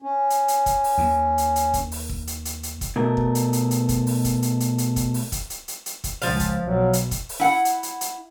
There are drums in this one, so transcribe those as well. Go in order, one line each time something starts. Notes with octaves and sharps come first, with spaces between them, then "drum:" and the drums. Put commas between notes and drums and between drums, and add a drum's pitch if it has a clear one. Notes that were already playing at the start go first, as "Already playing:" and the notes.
C#4
drum: hi-hat
drum: hi-hat
drum: kick, hi-hat
drum: open hi-hat
D#2
drum: hi-hat
drum: hi-hat
drum: kick, hi-hat
drum: open hi-hat
drum: kick
drum: hi-hat
drum: hi-hat
drum: hi-hat
drum: kick, hi-hat
B2 A3 A#4
drum: kick
drum: hi-hat
drum: hi-hat
drum: hi-hat
drum: kick, hi-hat
drum: open hi-hat
drum: kick, hi-hat
drum: hi-hat
drum: hi-hat
drum: hi-hat
drum: kick, hi-hat
drum: open hi-hat
drum: kick, hi-hat
drum: hi-hat
drum: hi-hat
drum: hi-hat
drum: kick, hi-hat
C#2 F3 F5, drum: open hi-hat
drum: kick, hi-hat
B1 B2 F#3
drum: hi-hat
drum: kick, hi-hat
drum: open hi-hat
E4 F#5
drum: hi-hat
drum: hi-hat
drum: hi-hat